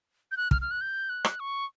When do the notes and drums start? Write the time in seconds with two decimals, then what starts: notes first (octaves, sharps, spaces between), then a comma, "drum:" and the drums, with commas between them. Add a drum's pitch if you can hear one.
0.31 G6
0.37 F#6
0.51 F6, drum: kick
0.62 F6
0.71 F#6
0.81 G6
1.09 F#6
1.25 drum: rim click
1.40 C#6